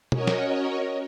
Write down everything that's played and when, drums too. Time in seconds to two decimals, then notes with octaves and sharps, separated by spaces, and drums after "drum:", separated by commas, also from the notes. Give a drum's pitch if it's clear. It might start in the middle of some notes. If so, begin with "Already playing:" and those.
0.12 C#4 F#4 A#4 C#5 D#5, drum: tom B2
0.27 drum: snare